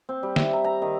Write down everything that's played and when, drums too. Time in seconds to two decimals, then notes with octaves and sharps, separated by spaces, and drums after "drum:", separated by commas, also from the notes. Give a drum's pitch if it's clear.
0.09 C4
0.23 G3
0.36 E5, drum: snare
0.53 A#5
0.64 A#5
0.82 D#3